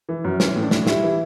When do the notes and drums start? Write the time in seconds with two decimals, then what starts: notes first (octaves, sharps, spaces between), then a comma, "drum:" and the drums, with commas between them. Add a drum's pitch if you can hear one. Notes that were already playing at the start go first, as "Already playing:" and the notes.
0.09 E3
0.24 F#2
0.40 E3 C#4, drum: snare
0.56 A2
0.63 D4
0.71 A2, drum: snare
0.87 G3 E4, drum: snare
1.03 E3